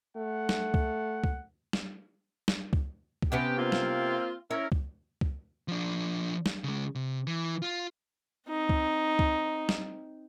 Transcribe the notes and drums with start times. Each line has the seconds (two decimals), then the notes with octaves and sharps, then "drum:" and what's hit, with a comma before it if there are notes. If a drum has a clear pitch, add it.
0.17 A3 F#5
0.49 drum: snare
0.74 drum: kick C#2
1.24 drum: kick C#2
1.73 drum: snare
2.48 drum: snare
2.73 drum: kick C#2
3.22 drum: kick C#2
3.32 C3 B3 C#4 G4
3.57 A#3 C4 F4
3.72 drum: snare
4.51 C#4 E4 A#4 C#5
4.72 drum: kick C#2
5.21 drum: kick C#2
5.68 F3 D4
6.46 drum: snare
6.64 C#3 G#3
6.95 C3
7.27 E3
7.62 F4
8.49 C4 D#4
8.69 drum: kick C#2
9.19 drum: kick C#2
9.69 drum: snare